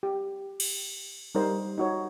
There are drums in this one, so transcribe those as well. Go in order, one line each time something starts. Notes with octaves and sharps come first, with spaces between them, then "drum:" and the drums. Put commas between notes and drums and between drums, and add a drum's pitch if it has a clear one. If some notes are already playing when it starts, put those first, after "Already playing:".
G4
drum: cymbal
G3 D#4 A#4 C5
D#4 F#4 C#5